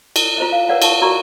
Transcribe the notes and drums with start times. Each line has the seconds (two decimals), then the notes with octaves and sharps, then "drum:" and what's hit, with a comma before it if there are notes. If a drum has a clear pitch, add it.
0.16 drum: cymbal
0.38 F4 C5 D#5
0.52 F5
0.69 A#4 B4 C#5 D5 F5 F#5
0.82 F5 A5 C#6, drum: cymbal
1.01 F#4 A#4 D5 A#5 C#6